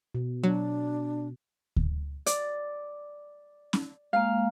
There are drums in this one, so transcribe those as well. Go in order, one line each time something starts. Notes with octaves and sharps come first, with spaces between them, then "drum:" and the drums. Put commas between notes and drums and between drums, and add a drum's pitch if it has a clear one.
B2
F#3 D4
drum: kick D2
D5, drum: hi-hat
drum: snare C#4
G#3 A#3 F5